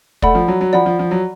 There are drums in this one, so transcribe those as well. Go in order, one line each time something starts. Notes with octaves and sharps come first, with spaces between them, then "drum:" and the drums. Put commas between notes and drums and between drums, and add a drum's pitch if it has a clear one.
A3 D5 F#5 B5, drum: kick
F3
F#3
F#3
F3 D5 F#5 B5
F3
F3
F#3